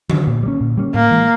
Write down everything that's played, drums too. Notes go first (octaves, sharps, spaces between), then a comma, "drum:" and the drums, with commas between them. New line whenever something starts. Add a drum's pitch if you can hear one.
D3 F#3, drum: tom D3
A#2
G3
A#3 C#4
A#2
G3 A#3 C#4
A2 A#3
E3 G#3